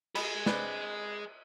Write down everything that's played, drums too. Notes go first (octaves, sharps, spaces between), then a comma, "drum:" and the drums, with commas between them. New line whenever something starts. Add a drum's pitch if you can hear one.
G#4 D#5 B5, drum: cymbal
C4 D4 B4, drum: snare